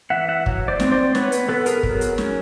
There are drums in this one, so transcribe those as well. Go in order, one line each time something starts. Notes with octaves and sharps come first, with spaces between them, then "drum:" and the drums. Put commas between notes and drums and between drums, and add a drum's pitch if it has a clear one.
E3 E5 F#5
E5 F#5
F#3, drum: kick
C5 D5
C4, drum: snare
C5 D5
B3 B4 C#5, drum: snare
drum: hi-hat
B3 A4 B4
G#4 A#4, drum: hi-hat
F#3, drum: kick
drum: hi-hat
C#4, drum: snare